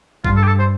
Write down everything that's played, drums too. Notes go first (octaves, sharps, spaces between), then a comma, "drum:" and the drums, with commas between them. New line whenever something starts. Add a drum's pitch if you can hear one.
G2 F4, drum: kick
A4
G4
A4
C5